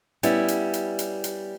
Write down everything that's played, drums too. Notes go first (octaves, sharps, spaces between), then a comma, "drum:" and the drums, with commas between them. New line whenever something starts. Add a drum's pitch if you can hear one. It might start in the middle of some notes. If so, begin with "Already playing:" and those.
G3 B3 C#4 E4, drum: hi-hat
drum: hi-hat
drum: hi-hat
drum: hi-hat
drum: hi-hat